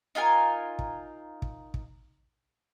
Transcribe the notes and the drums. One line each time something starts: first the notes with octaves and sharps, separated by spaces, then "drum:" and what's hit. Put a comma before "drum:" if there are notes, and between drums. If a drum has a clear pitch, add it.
D#4 F4 A#4 G#5
drum: kick
drum: kick
drum: kick